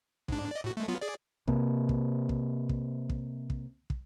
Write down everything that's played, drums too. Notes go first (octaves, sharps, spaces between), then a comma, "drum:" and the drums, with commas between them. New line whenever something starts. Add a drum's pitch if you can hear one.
G#2 D4, drum: kick
D5 D#5
A2 F#4
G#3 A3
F#3 B3 F4
G#4 D5
C3 A#3, drum: kick
drum: kick
drum: kick
drum: kick
drum: kick
drum: kick
drum: kick